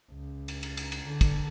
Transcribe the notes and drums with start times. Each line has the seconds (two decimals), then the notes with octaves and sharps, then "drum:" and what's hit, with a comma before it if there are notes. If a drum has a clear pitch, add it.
0.11 C#2
0.48 drum: cymbal
0.63 drum: cymbal
0.77 drum: cymbal
0.92 drum: cymbal
1.06 D3
1.21 drum: kick, cymbal